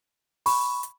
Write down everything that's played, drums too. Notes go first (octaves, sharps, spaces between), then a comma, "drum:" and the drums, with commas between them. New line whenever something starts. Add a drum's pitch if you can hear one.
B5 C#6, drum: open hi-hat
drum: hi-hat